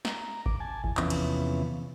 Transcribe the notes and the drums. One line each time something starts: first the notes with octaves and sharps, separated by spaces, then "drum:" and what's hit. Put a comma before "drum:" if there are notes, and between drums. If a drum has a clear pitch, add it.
A#5, drum: snare
D6, drum: kick G#1
G#5 A5
E2, drum: kick G#1
E2 C3 E3 F3 B3 C#4, drum: clap
drum: cymbal